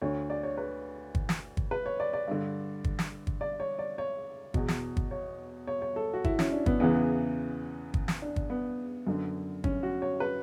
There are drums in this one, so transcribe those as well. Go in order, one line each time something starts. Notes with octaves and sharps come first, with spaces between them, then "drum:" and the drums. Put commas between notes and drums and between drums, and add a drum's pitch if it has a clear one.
D2 D3 C#5
D5
C#5
B4
drum: kick
drum: snare
drum: kick
B4
C#5
D5
D5
G2 D3
drum: kick
drum: snare
drum: kick
D5
C#5
D5
C#5
E2 B2, drum: kick
drum: snare
drum: kick
C#5
C#5
C#5
A4
F#4
E4, drum: kick
C#4, drum: snare
D4
B3, drum: kick
E2 C#3 E3 B3
drum: kick
drum: snare
D4
drum: kick
B3
F#2 D3
C#4, drum: kick
F#4
C#5
B4